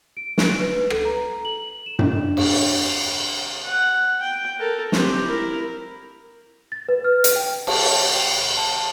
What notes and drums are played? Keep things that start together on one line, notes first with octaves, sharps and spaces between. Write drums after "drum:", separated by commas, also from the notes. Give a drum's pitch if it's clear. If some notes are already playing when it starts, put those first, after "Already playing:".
D7
drum: snare
B4
A4, drum: rim click
A#5
F#7
E7
D4, drum: tom F#2
drum: cymbal
F#5
G5
A4 A#4
C4 G4, drum: snare
E4 A#4
A6
B4
F6
drum: hi-hat
G5
A5, drum: cymbal
G5
A5